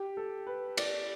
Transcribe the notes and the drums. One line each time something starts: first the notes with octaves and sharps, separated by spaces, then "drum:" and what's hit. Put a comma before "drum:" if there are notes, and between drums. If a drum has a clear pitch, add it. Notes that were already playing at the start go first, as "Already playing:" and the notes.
Already playing: G4
A4
B4
D5, drum: cymbal